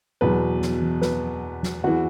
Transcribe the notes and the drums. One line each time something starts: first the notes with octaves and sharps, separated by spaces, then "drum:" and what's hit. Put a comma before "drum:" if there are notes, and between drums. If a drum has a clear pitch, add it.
E2 B2 F#3 B4
drum: snare
drum: tom E3
B4, drum: snare
drum: snare
E2 E3 F#4